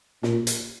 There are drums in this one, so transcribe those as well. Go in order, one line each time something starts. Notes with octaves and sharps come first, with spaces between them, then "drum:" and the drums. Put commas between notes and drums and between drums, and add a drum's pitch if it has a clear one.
A#2, drum: snare
drum: hi-hat